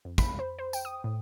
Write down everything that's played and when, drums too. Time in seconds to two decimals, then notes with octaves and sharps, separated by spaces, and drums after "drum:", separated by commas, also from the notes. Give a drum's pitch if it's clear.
0.05 F2
0.18 B5, drum: kick, tambourine
0.39 C5
0.59 C5
0.73 G5, drum: tambourine
0.85 D#6
1.04 A2